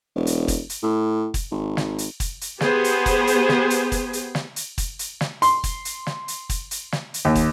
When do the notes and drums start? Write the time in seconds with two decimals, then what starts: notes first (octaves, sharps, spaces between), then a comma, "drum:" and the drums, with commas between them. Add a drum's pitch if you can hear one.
0.16 E1
0.27 drum: hi-hat
0.48 drum: kick, hi-hat
0.70 drum: hi-hat
0.83 A2
1.34 drum: kick, hi-hat
1.52 G#1
1.77 drum: snare
1.98 drum: hi-hat
2.20 drum: kick, hi-hat
2.41 drum: hi-hat
2.61 B3 G4 G#4 C5, drum: snare
2.84 drum: hi-hat
3.06 drum: kick, hi-hat
3.27 drum: hi-hat
3.49 drum: snare
3.70 drum: hi-hat
3.92 drum: kick, hi-hat
4.13 drum: hi-hat
4.35 drum: snare
4.56 drum: hi-hat
4.78 drum: kick, hi-hat
4.99 drum: hi-hat
5.21 drum: snare
5.42 C6, drum: hi-hat
5.64 drum: kick, hi-hat
5.85 drum: hi-hat
6.07 drum: snare
6.28 drum: hi-hat
6.49 drum: kick, hi-hat
6.71 drum: hi-hat
6.92 drum: snare
7.14 drum: hi-hat
7.25 D#2
7.35 drum: kick, hi-hat